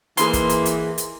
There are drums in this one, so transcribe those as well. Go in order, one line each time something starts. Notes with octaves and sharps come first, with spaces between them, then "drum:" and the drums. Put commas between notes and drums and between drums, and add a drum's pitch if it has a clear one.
G#2 E3 A#3 G#4 C6, drum: hi-hat
drum: kick, hi-hat
drum: hi-hat
drum: hi-hat
drum: hi-hat